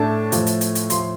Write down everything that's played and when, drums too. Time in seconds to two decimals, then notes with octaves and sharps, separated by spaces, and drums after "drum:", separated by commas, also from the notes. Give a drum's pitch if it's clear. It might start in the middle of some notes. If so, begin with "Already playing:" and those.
Already playing: A2 A3 D4 A5
0.32 A2 F3 A3, drum: hi-hat
0.47 drum: hi-hat
0.61 drum: hi-hat
0.75 drum: hi-hat
0.90 A2 F3 A3 C6, drum: hi-hat